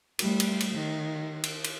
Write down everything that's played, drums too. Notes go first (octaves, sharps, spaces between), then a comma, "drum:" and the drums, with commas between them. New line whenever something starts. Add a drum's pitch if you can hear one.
G3 A3, drum: cymbal
drum: cymbal
drum: cymbal
D#3
drum: cymbal
drum: cymbal